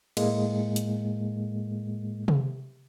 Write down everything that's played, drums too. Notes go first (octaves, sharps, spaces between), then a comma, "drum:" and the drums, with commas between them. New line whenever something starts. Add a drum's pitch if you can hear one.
A2 G#3 A#3, drum: cymbal
drum: hi-hat
drum: tom C3